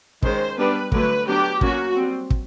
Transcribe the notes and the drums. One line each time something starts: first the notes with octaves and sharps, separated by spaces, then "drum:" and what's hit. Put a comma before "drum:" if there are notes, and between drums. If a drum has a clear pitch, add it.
D#3 G#3 C#4 C5, drum: kick
G3 B3 D4 B4
D3 F#3 A3 B4, drum: kick
F#3 B3 D4 G4
F#3 A#3 C#4 F#4, drum: kick
G3 C4
drum: kick